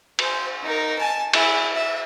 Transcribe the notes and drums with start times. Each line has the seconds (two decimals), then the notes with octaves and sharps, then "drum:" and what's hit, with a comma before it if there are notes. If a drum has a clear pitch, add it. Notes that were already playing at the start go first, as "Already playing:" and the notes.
0.19 C5 G#5, drum: cymbal
0.63 D#4 A#4
0.98 G#5 A5
1.33 E4 G#4, drum: cymbal
1.75 E5